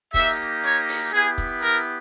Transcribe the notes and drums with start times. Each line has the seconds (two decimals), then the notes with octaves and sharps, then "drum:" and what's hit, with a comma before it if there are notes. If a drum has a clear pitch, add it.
0.14 A#3 D#4 G4 E5, drum: kick, open hi-hat
0.64 C#5, drum: hi-hat
0.88 drum: open hi-hat
1.13 B3 E4 G4 G#4
1.38 drum: kick, hi-hat
1.62 A#4, drum: hi-hat